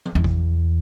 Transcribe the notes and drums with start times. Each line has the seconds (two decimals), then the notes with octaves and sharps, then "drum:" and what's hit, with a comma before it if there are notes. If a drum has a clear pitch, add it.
0.06 drum: tom F3
0.15 E2
0.24 drum: kick G#1